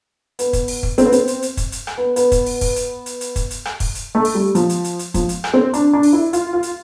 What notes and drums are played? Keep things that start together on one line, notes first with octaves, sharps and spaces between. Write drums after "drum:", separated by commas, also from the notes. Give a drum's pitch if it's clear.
B3, drum: hi-hat
drum: kick, hi-hat
drum: open hi-hat
drum: kick
C4, drum: hi-hat
B3
C4, drum: hi-hat
drum: hi-hat
drum: hi-hat
drum: kick, hi-hat
drum: hi-hat
drum: rim click
B3
B3, drum: hi-hat
drum: kick, hi-hat
drum: open hi-hat
drum: kick, open hi-hat
drum: hi-hat
drum: hi-hat
drum: hi-hat
drum: kick, hi-hat
drum: hi-hat
drum: rim click
drum: kick, open hi-hat
drum: hi-hat
A3
drum: open hi-hat
G3
F3, drum: hi-hat
drum: hi-hat
drum: hi-hat
drum: hi-hat
F3, drum: kick, hi-hat
drum: hi-hat
drum: rim click
C4
D4, drum: hi-hat
D4
drum: open hi-hat
E4
F4, drum: hi-hat
F4
drum: hi-hat